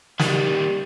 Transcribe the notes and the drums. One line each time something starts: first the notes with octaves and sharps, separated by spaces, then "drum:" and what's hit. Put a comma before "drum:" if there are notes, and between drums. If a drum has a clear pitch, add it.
D#3 G3, drum: snare